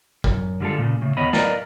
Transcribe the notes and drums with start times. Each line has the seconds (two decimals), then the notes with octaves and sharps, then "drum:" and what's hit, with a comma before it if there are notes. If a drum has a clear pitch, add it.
0.24 F#2, drum: kick
0.60 D3 G3 G#3 D4 F4 A4
0.78 A#2 C#3
1.01 A2 C#3
1.17 D#2 B3 C#5 D#5 B5
1.33 A#4 B4 D5 D#5 F5 A#5, drum: snare